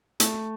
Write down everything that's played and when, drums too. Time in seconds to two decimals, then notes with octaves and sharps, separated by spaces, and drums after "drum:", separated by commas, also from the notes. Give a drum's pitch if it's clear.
0.20 A3, drum: hi-hat